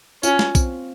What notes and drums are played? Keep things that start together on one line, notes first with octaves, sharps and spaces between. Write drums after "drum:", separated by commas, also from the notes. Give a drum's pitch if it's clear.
C#4 F4, drum: tambourine
drum: snare
C4, drum: kick B1, tambourine